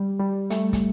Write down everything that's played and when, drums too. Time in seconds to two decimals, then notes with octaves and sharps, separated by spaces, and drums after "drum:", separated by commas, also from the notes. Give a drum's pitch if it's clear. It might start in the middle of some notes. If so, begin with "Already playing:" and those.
Already playing: G3
0.19 G3
0.50 A3, drum: hi-hat
0.73 drum: kick, hi-hat